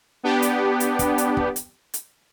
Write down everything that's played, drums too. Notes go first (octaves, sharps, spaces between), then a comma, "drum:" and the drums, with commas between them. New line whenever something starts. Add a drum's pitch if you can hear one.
B3 D4 G4
drum: hi-hat
drum: hi-hat
drum: kick, hi-hat
drum: hi-hat
drum: kick
drum: hi-hat
drum: hi-hat